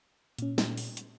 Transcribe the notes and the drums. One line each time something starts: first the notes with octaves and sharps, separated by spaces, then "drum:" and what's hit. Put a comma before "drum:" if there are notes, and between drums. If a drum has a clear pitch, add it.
A#2 C#4, drum: hi-hat
drum: snare
drum: open hi-hat
drum: hi-hat